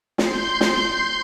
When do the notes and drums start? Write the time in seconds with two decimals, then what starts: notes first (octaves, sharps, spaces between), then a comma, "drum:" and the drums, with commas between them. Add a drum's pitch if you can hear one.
0.18 C6 G6, drum: snare
0.61 drum: snare